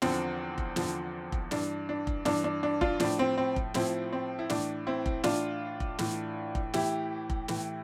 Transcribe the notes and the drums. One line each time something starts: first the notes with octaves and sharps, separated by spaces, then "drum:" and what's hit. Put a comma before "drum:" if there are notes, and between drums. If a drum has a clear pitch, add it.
E2 D3 F3 C4, drum: snare
drum: kick F1
E2 D3 F3, drum: snare
drum: kick F1
G2 E3 D4, drum: snare
D4
drum: kick F1
G2 E3 D4, drum: snare
D4
D4
D4 F4, drum: kick F1
A2 F3 D4, drum: snare
C4
C4
drum: kick F1
A2 F3 C4 E4, drum: snare
C4
E4
A2 E3 D4, drum: snare
C4 E4
drum: kick F1
A2 E3 D4 F4, drum: snare
drum: kick F1
A2 E3, drum: snare
drum: kick F1
A2 E3 E4 G4, drum: snare
drum: kick F1
A2 E3, drum: snare